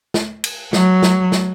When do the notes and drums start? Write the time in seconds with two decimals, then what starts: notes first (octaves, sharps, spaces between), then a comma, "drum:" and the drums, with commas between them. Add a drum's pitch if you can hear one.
0.14 drum: snare
0.44 drum: cymbal
0.73 F#3, drum: snare
1.03 drum: snare
1.32 drum: snare